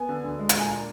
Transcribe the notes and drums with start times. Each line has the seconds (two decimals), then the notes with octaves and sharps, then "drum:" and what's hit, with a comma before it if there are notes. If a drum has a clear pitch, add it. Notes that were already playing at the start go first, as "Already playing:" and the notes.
Already playing: B3 G#5
0.09 D3
0.24 D2
0.39 G#3
0.49 A#5, drum: hi-hat
0.55 A#2 G#5
0.69 D4 A#5